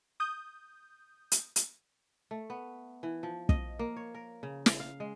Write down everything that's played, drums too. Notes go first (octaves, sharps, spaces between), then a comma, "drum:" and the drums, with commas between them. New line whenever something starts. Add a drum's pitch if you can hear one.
D#6 G6
drum: hi-hat
drum: hi-hat
A3
B3
E3
F3
D#5, drum: kick
A#3
C#5
A#4
C#3
drum: snare
F5
G#3